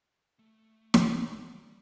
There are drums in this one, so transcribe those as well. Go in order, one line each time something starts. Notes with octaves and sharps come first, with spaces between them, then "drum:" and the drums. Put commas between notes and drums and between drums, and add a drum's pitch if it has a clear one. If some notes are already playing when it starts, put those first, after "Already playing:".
A3
drum: snare
G3